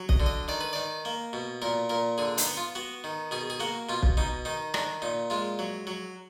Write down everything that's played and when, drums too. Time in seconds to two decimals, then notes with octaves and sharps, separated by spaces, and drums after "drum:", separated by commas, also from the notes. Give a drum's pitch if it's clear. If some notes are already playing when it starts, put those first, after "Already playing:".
Already playing: F#3
0.09 D#5, drum: kick
0.20 D3
0.26 D#5
0.48 D#3 D5
0.61 B4
0.73 D#3 D5
1.05 A#3
1.33 B2
1.62 A#2 A#4
1.89 A#2 A#4
2.18 D3 G#4
2.38 D#4, drum: hi-hat
2.47 B3
2.57 F4
2.75 B3 F#4
3.04 D#3
3.31 B2 G#4
3.50 G#4
3.60 A#3 F#4
3.89 B2 F4
4.03 drum: kick
4.17 B2 D#4
4.45 D#3 D#4
4.74 D#3 D4, drum: rim click
5.02 A#2 D#4
5.30 G#3 F4
5.59 F#3
5.87 F#3